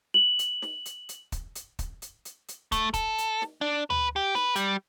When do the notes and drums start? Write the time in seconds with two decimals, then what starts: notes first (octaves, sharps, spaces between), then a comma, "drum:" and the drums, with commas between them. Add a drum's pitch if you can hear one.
0.14 F#7
0.39 drum: hi-hat
0.62 drum: snare
0.86 drum: hi-hat
1.09 drum: hi-hat
1.32 drum: kick, hi-hat
1.56 drum: hi-hat
1.79 drum: kick, hi-hat
2.02 drum: hi-hat
2.25 drum: hi-hat
2.49 drum: hi-hat
2.72 A3, drum: kick, hi-hat
2.94 A4, drum: kick, hi-hat
3.18 drum: hi-hat
3.42 drum: snare
3.61 D4
3.90 B4, drum: tom
4.16 G4
4.35 B4, drum: snare
4.56 G3, drum: hi-hat